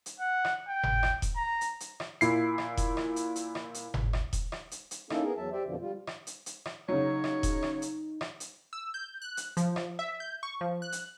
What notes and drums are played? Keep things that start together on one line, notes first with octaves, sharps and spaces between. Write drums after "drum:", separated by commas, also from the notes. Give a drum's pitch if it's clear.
drum: hi-hat
F#5
drum: rim click
G5
drum: tom G1
drum: rim click
drum: kick E1, hi-hat
A#5
drum: hi-hat
drum: hi-hat
drum: rim click
A#2 E4 C7, drum: hi-hat
drum: rim click
drum: kick E1, hi-hat
drum: rim click
drum: hi-hat
drum: hi-hat
drum: rim click
drum: hi-hat
drum: tom G1
drum: rim click
drum: kick E1, hi-hat
drum: rim click
drum: hi-hat
drum: hi-hat
A#3 C#4 D#4 E4 A4, drum: rim click
B3 G#4 A#4
E2 F#3 E5 A5
G4 C5 D5 E5
F2 B2 D3 F3
G3 F4
drum: rim click
drum: hi-hat
drum: hi-hat
drum: rim click
C#3 F#3 D#4 C#5
drum: rim click
drum: kick E1, hi-hat
drum: rim click
drum: hi-hat
drum: rim click
drum: hi-hat
E6
G6
F#6
drum: hi-hat
F3, drum: hi-hat
drum: rim click
E5
G6
C#6
F3
F#6
drum: hi-hat